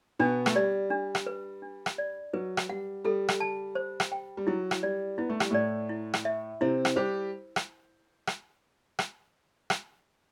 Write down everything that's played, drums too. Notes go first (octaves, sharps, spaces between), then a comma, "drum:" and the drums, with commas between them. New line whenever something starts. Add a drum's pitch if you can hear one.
B2 B3 D4
A3, drum: rim click
G3 D5
D4
drum: rim click
B4
D4
drum: rim click
D5
F#3 B4
drum: rim click
G3 F#5
G3 A4
drum: rim click
A5
C5
drum: rim click
G5
G3
F#3 E4
drum: rim click
G3 D5
B3 E4
A3
G3, drum: rim click
A2 A3 D5
E4
drum: rim click
E5
C3 C4 E4
drum: rim click
G3 G4 C5
drum: rim click
drum: rim click
drum: rim click
drum: rim click